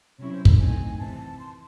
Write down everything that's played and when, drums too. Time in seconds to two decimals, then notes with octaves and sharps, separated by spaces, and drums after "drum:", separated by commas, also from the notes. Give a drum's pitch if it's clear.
0.19 C3 F#3 C#4 E4 C#5
0.32 C5
0.45 A4, drum: kick
0.59 D#3 A3 C4 D#4 G#5
0.98 C3 E3 C4 A5
1.39 C6